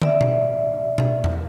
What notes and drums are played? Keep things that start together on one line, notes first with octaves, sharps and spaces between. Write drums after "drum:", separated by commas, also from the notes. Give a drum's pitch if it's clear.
D5 E5, drum: tom
drum: tom B2
drum: tom B2
drum: tom E2